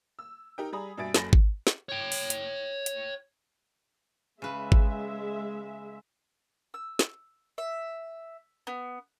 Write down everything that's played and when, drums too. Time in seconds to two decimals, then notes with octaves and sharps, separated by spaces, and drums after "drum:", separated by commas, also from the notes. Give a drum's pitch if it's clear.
0.19 E6
0.58 D#4 G4 A#4 D#5 G5
0.73 G3 G#4 A#5 B5 D#6
0.97 G2 B2 E5 G#5 A6 D7
1.14 F#1 F#2 A4 B5 A#6, drum: snare
1.33 drum: kick G#1
1.67 drum: snare
1.89 C#5 G5
2.12 drum: open hi-hat
2.30 drum: hi-hat
2.86 drum: hi-hat
4.42 C#3 G#3 B4 E5
4.72 drum: kick G#1
6.74 E6
6.99 drum: snare
7.58 E5
8.67 B3